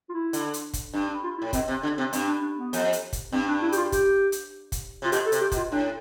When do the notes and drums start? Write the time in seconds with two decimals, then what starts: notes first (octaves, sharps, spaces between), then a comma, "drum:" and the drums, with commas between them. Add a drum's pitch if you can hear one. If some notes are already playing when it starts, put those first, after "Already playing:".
0.09 F4
0.13 E4
0.33 D3, drum: hi-hat
0.54 drum: hi-hat
0.73 drum: kick F1, hi-hat
0.94 G2 D4
1.08 D4
1.23 F4
1.38 E4
1.42 A2
1.53 B2 C4, drum: kick F1, hi-hat
1.68 C3 C4
1.83 D3 D4
1.98 C3 C4
2.13 G2 C4, drum: hi-hat
2.27 D4
2.42 D4
2.58 B3
2.73 F2, drum: hi-hat
2.93 drum: hi-hat
3.13 drum: kick F1, hi-hat
3.32 G2 C4
3.48 D4
3.62 E4
3.72 G4, drum: hi-hat
3.77 F4
3.92 G4, drum: kick F1, hi-hat
4.32 drum: hi-hat
4.72 drum: kick F1, hi-hat
5.02 C3 F4
5.12 B2 G4, drum: hi-hat
5.26 A4
5.32 C3, drum: hi-hat
5.41 G4
5.52 B2, drum: kick F1, hi-hat
5.57 F4
5.72 A2 D4